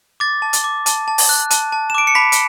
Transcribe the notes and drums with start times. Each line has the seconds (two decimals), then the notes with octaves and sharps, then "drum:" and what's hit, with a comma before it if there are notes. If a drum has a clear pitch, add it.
0.20 D6 A6
0.42 A5
0.53 drum: hi-hat
0.64 D6
0.86 A5, drum: hi-hat
1.08 A5
1.18 drum: open hi-hat
1.29 F#6
1.51 A5, drum: hi-hat
1.72 A5
1.90 E7
1.94 D6 D7
2.07 C#7
2.15 A5 B5 B6
2.32 drum: hi-hat